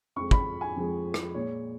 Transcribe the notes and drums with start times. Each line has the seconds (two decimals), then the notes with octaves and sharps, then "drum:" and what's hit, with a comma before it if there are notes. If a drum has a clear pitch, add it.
0.16 F2 F3 G#3 C#6
0.31 B5, drum: kick
0.61 G#5
0.76 F2 F3 G#3
1.14 drum: rim click
1.34 A#2 G#3 C#5